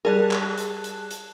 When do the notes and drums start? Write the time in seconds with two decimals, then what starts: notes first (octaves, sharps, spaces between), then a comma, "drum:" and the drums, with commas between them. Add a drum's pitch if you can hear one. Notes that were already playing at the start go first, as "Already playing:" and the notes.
0.05 G3 G#4 A#4 A5 F#6
0.31 drum: clap
0.58 drum: hi-hat
0.84 drum: hi-hat
1.11 drum: hi-hat